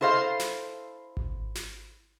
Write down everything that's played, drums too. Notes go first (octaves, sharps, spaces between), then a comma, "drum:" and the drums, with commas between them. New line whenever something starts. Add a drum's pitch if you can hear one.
E4 A4 C5 D#5 F5
drum: snare
drum: kick G#1
drum: snare